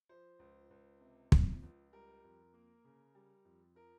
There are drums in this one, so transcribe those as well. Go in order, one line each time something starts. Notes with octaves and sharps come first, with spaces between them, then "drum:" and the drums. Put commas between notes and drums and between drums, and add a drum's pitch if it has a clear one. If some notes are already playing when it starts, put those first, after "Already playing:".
F3 C5
C#2
C#2
C3
F3, drum: kick
C#2
G3 A#4
F2
A#3
C#3
G3
F2
F3 A#4